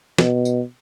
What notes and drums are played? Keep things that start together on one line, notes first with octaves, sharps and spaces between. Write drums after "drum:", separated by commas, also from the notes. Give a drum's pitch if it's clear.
B2, drum: snare
drum: tambourine